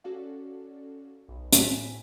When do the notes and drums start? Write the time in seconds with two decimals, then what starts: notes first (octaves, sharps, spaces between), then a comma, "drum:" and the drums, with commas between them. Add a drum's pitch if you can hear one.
0.04 C#4 F#4 A4 D5 F5
1.29 B1
1.53 A2 G#5 B6, drum: hi-hat